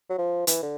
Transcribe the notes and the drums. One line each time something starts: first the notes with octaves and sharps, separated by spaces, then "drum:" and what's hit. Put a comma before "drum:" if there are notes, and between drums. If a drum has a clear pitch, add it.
F#3
F3
E3, drum: hi-hat
D3